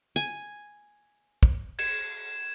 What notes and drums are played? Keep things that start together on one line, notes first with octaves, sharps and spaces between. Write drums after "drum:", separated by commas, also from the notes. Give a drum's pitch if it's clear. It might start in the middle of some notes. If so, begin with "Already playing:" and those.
G#5
drum: kick
G#6 E7, drum: cymbal